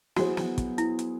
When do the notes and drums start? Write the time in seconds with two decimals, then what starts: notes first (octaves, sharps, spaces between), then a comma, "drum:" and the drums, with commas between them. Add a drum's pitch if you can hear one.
0.16 F#3 B3 E4 F#4 G#4 C5, drum: snare
0.37 drum: snare
0.58 drum: kick, hi-hat
0.78 E4, drum: hi-hat
0.99 drum: hi-hat